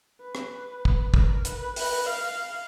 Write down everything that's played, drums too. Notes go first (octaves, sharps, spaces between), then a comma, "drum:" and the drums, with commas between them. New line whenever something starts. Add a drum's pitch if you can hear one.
B4
drum: rim click
drum: kick
A#4, drum: kick
B4, drum: hi-hat
B4, drum: open hi-hat
F5